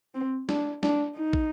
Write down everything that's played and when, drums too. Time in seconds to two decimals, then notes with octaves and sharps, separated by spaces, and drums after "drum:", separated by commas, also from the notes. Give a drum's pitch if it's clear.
0.15 C4
0.49 D4, drum: snare
0.83 D4, drum: snare
1.16 D#4
1.33 drum: kick